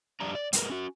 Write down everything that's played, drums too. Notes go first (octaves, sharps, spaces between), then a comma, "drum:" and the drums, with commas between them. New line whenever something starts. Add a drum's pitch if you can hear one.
F2 G3 D4 A#5
D5
G2 G#3 C#4 A#4 B4, drum: hi-hat
C#4 F#4